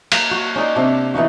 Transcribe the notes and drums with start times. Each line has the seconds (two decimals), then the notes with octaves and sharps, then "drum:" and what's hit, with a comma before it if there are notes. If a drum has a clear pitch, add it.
0.12 A#3, drum: cymbal
0.31 F#4
0.56 C#4 D#4 D5 D#5
0.76 C3 D4
1.14 E3 B3 D#4 F#4